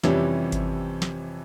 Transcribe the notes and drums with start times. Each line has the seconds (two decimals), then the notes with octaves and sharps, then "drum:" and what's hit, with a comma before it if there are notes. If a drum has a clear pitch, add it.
0.04 F2 C3 E3 G3 C#4, drum: snare
0.52 drum: kick G#1, hi-hat
1.02 drum: snare